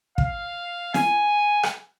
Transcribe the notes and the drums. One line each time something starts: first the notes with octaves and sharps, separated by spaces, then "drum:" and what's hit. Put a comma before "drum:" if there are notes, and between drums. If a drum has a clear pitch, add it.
F5, drum: kick
G#5, drum: snare
drum: rim click